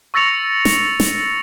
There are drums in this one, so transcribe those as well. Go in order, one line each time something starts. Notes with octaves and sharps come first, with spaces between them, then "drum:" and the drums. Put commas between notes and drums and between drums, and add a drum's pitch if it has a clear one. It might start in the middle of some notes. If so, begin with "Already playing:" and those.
C#6 E6 A6 A#6 C#7 F7
drum: snare
drum: snare